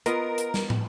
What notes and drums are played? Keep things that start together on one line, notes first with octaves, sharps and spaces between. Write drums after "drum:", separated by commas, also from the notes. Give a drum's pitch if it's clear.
B3 F4 A#4 D#5, drum: hi-hat
drum: hi-hat
drum: snare
drum: tom